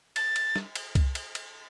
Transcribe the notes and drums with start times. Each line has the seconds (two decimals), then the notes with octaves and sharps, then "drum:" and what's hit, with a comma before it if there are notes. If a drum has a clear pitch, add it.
0.16 A6, drum: cymbal
0.36 drum: cymbal
0.56 drum: snare
0.75 drum: cymbal
0.95 drum: kick C2, cymbal
1.15 drum: cymbal
1.35 drum: cymbal